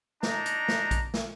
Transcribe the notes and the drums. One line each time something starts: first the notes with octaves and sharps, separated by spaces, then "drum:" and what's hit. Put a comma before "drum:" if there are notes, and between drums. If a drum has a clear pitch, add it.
D4 D#4 A#5, drum: snare
drum: hi-hat
drum: snare
drum: kick A#1, hi-hat
drum: snare